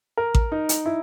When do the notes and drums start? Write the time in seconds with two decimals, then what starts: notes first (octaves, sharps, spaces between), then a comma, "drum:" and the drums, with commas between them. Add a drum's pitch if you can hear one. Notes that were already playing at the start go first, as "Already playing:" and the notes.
0.17 A#4
0.35 drum: kick A1
0.52 D#4
0.69 drum: hi-hat
0.86 E4